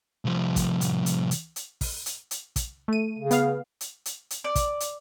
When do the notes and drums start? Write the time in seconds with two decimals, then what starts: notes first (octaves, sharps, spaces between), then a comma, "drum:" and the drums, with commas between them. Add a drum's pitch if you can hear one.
0.25 C2 F3
0.56 drum: kick, hi-hat
0.81 drum: hi-hat
1.06 drum: hi-hat
1.31 drum: hi-hat
1.56 drum: hi-hat
1.81 drum: kick, open hi-hat
2.06 drum: hi-hat
2.31 drum: hi-hat
2.56 drum: kick, hi-hat
2.88 A3 D#7
3.18 C#3
3.31 B3 F5, drum: hi-hat
3.81 drum: hi-hat
4.06 drum: hi-hat
4.30 drum: hi-hat
4.44 D5
4.55 drum: kick, hi-hat
4.80 drum: hi-hat